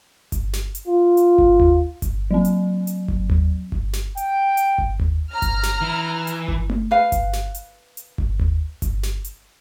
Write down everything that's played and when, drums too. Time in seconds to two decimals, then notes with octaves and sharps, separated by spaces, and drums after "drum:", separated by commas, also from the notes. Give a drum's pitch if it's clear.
0.32 drum: kick G1, hi-hat
0.53 drum: snare
0.75 drum: hi-hat
0.87 F4
1.17 drum: hi-hat
1.38 drum: kick G1
1.60 drum: tom D#2
2.02 drum: kick G1, hi-hat
2.31 F#3 C4
2.45 drum: hi-hat
2.87 drum: hi-hat
3.08 drum: kick G1
3.30 drum: tom D#2
3.72 drum: kick G1
3.93 drum: snare
4.17 G5, drum: hi-hat
4.57 drum: hi-hat
4.78 drum: kick G1
5.00 drum: tom D#2
5.32 A#5 F6
5.42 drum: kick G1, hi-hat
5.63 drum: snare
5.81 E3
6.27 drum: hi-hat
6.48 drum: kick G1
6.70 drum: tom A3
6.91 B4 F5
7.12 drum: kick G1, hi-hat
7.33 drum: snare
7.55 drum: hi-hat
7.97 drum: hi-hat
8.18 drum: kick G1
8.40 drum: tom D#2
8.82 drum: kick G1, hi-hat
9.03 drum: snare
9.25 drum: hi-hat